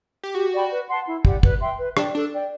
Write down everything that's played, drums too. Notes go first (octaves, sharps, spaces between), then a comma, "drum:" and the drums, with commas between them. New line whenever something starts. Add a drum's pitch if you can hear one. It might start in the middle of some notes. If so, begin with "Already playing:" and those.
G4
F#4 G4
D5 G5 B5
B4
F#5 A5 C6
E4
G4 D5 F#5, drum: kick
B4, drum: kick
E5 G5 C6
B4
D4 D5 G5, drum: rim click
D4 A4
D5 G5